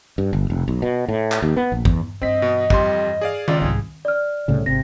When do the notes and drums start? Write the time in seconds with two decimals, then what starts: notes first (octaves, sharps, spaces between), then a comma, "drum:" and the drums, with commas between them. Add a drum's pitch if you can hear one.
0.18 G2
0.33 G1
0.50 F1
0.68 B1
0.82 B2
1.09 A2
1.32 drum: clap
1.42 D#2
1.56 B3
1.72 A#1
1.85 E2, drum: kick
2.22 G2 E3 C4 D#5 B6
2.42 B2
2.70 F2 G3 C6, drum: kick
3.21 G#4 D5 F5
3.48 C#2 F4 D5, drum: tom D#3
3.61 C2 G#2 G#4
4.05 D5 F6
4.48 C2 A2 C#3
4.66 G#1 C3 A#6